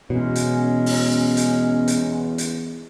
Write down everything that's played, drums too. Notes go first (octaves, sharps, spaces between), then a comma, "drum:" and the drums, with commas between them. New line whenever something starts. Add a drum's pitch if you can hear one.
E2 B2 F#3 G#3 C#4
drum: hi-hat
drum: open hi-hat
drum: hi-hat
drum: hi-hat
drum: hi-hat